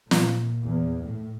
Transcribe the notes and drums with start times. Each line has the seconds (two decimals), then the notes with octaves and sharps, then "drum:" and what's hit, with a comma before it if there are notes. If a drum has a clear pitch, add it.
0.11 A#2, drum: snare
0.63 E2
1.03 A2